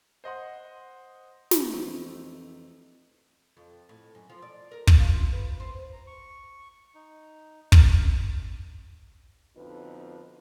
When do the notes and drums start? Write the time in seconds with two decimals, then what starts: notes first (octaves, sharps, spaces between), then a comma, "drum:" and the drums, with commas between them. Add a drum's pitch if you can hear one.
0.24 C5 D#5 F#5 C6
1.51 drum: snare
1.70 F2 C3 E3 A3 D#4 E4
3.57 F2
3.89 A2
4.15 F#2
4.30 F3
4.42 D5
4.71 A#4
4.87 drum: kick
4.99 F4
5.33 B4
5.60 C5
5.93 A#5
6.07 C#6
6.95 D#4
7.72 A#4, drum: kick
9.56 F2 B2 D3 D#4 B4